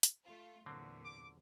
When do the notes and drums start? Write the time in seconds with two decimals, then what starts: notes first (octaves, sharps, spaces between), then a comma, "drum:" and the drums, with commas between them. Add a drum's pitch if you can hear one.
0.03 drum: hi-hat
0.24 A3 F4
0.66 E2 A#2 D3 F#3 C4
1.05 D6